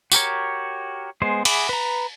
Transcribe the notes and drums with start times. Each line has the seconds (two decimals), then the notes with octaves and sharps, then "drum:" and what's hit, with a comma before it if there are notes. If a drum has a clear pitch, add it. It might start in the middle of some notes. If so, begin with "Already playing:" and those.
0.12 F#4 G4 A#4 C#5, drum: tambourine
1.22 G#3 B3 G#4 C5
1.45 G#4 E5 F#5 B5 D6, drum: cymbal
1.69 B4 A#5